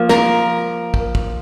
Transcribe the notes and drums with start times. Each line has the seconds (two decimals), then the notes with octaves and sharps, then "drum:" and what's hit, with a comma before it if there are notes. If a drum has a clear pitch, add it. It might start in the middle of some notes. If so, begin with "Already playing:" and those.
Already playing: F3 A#3
0.09 A#4, drum: snare
0.94 drum: kick
1.15 drum: kick